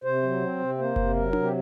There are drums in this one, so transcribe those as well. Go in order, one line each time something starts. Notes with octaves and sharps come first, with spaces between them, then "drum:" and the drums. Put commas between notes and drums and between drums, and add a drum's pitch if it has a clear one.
C3 C5
F#3
C4
C3
A#3 C5
C3, drum: kick F#1
F#3 A#4
C3, drum: tom D4
G4